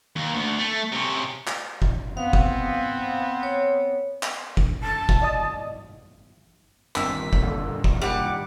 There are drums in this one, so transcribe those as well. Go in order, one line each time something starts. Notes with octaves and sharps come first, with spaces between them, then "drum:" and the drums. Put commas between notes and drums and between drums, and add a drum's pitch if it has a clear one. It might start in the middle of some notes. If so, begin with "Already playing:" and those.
D#2
D2
A3
C3 C#4
drum: clap
drum: kick
B3 C4 F5
drum: kick
C#5
drum: clap
drum: kick
A5
drum: kick
D5 D#5 D#6
G1 G2 A#2 D#3 C4 E6 B6, drum: clap
drum: kick
D3
drum: kick
G3 F#5 D6